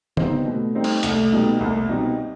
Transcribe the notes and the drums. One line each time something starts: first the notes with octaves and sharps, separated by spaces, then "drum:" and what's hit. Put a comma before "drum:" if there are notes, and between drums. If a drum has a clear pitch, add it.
G3 B3 C4 D#4, drum: tom
B2 A3
G3 C4 D#4
drum: cymbal
C2 A3, drum: hi-hat
B2 G3 D#4
C2 A3
B2 G3 C4 D#4